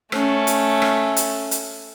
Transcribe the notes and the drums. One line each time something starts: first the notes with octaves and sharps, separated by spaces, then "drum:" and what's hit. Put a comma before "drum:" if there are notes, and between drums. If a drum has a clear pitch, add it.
A3 C#4, drum: rim click
drum: hi-hat
drum: rim click
drum: hi-hat
drum: hi-hat